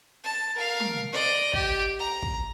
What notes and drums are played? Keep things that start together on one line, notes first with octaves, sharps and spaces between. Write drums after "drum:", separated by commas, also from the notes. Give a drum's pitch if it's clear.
A5
A#4 F5
drum: tom
D5 D#5
G4, drum: kick
A#5
drum: kick